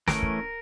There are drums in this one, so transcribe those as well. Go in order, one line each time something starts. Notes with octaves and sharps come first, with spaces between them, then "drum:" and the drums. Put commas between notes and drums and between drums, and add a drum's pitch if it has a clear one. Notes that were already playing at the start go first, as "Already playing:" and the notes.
E3 A3 C#4 A#4, drum: snare
drum: kick